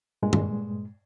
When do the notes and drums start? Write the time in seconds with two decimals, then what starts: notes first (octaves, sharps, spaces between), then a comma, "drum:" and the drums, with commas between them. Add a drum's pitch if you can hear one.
0.23 G2 A#2 G#3
0.33 drum: tom G2